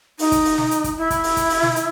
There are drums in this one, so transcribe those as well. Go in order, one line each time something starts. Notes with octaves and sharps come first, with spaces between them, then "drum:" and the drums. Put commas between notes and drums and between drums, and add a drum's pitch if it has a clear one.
D#4, drum: open hi-hat
drum: kick, hi-hat
drum: open hi-hat
drum: snare
drum: hi-hat
drum: kick, hi-hat
E4
drum: kick, hi-hat
drum: open hi-hat
drum: kick, hi-hat
drum: open hi-hat
drum: snare
drum: hi-hat